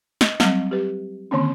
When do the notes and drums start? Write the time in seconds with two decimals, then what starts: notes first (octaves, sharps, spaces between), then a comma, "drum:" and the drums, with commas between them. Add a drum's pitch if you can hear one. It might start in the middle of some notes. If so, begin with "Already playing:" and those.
0.21 D#5, drum: snare
0.40 F#3 G3 C4, drum: snare
0.71 G4 B4
1.31 D3 D#3 A#3 C4 C#4